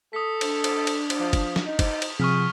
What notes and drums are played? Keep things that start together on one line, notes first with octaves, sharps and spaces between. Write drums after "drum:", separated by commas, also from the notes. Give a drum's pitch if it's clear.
A4 D#6 B6
D4, drum: cymbal
drum: cymbal
drum: cymbal
drum: cymbal
F3
drum: kick, cymbal
drum: snare
D#4
drum: kick, cymbal
drum: cymbal
C3 F3 G#4 C#6 F6 B6